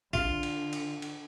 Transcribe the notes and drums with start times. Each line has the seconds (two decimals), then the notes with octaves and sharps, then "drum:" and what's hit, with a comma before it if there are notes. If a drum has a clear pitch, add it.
0.13 D3 F4, drum: kick
0.43 drum: cymbal
0.73 drum: cymbal
1.02 drum: cymbal